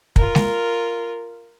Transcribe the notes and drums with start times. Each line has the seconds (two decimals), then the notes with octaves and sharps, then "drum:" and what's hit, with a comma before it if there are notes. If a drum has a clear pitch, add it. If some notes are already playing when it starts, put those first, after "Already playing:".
0.16 F4 A#4, drum: kick
0.35 drum: snare G#3